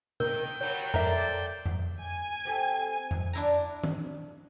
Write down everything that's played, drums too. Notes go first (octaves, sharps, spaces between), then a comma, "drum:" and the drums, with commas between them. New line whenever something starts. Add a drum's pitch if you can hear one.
D#3 A#4 G5, drum: tom C3
F#3 G3 C#5
A4 A#4 C5 D5 E5 A#5, drum: tom F2
drum: tom F2
G#5
C4 G4 A4
drum: tom F2
D4 E4 A#5
drum: tom